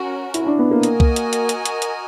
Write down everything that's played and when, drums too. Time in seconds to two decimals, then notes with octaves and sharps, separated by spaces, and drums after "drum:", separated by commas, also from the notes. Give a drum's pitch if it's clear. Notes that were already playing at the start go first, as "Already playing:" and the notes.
Already playing: C#4 F#4 A#4
0.34 E4, drum: hi-hat
0.47 D4
0.59 B3
0.71 A#3
0.83 F#4 A#4 D#5 G#5, drum: hi-hat
1.00 drum: kick
1.16 drum: hi-hat
1.33 drum: hi-hat
1.49 drum: hi-hat
1.66 drum: hi-hat
1.82 drum: hi-hat